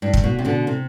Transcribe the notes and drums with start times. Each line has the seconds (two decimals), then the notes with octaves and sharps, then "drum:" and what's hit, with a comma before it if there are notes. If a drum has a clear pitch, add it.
0.02 G2
0.14 drum: kick
0.24 B2
0.38 C3
0.45 B2 D3
0.67 C3